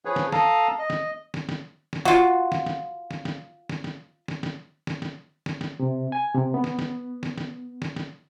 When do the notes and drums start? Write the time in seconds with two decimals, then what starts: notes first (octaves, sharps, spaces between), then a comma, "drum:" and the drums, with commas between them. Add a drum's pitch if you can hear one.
0.05 F3 G#4 B4 C#5
0.16 drum: snare
0.32 A4 F5 A5 A#5 D#6, drum: snare
0.79 D#5
0.90 drum: snare
1.34 drum: snare
1.49 drum: snare
1.93 drum: snare
2.05 F4 F#4, drum: snare
2.52 drum: snare
2.66 drum: snare
3.11 drum: snare
3.25 drum: snare
3.69 drum: snare
3.84 drum: snare
4.28 drum: snare
4.43 drum: snare
4.87 drum: snare
5.02 drum: snare
5.46 drum: snare
5.61 drum: snare
5.80 C3
6.12 G#5
6.34 C3
6.54 B3
6.64 drum: snare
6.79 drum: snare
7.23 drum: snare
7.38 drum: snare
7.82 drum: snare
7.96 drum: snare